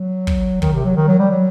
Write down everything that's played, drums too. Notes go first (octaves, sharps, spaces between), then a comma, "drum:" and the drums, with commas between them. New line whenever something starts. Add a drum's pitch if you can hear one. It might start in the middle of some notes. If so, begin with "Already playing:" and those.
Already playing: F#3
drum: kick
D#3, drum: kick
C3
F#3
D#3
F#3
G3
F#3